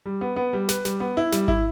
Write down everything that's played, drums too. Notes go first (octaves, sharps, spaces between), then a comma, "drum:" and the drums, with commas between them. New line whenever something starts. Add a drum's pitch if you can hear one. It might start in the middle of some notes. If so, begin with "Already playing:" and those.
G3
B3
B3
G3
B4, drum: snare
G3, drum: snare
B3
E4
G3, drum: snare
E4, drum: kick G#1